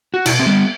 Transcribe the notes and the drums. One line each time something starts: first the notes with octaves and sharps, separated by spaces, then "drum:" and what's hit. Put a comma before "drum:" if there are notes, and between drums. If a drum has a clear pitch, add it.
F#4
B2 E4, drum: cymbal
C4
G3 B3